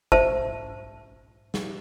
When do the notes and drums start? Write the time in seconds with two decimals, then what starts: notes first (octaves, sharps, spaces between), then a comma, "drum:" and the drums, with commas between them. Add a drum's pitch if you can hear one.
0.12 C5 E5 A5, drum: kick
1.54 drum: snare